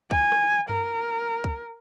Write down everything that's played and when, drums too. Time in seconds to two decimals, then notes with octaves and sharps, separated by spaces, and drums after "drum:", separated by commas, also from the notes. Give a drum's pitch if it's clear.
0.11 G#5, drum: kick C#2
0.32 drum: rim click
0.69 A#4, drum: tom F#2
1.44 drum: kick C#2